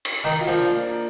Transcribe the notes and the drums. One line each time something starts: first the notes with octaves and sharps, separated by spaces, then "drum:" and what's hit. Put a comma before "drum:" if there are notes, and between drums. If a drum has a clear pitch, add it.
drum: cymbal
D#3 A#4
F4
F3
D4
A#3
A#4